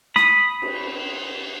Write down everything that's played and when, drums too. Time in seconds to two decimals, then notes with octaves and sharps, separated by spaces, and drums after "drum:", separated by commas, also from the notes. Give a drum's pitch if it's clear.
0.16 B5 D#6, drum: snare
0.62 drum: cymbal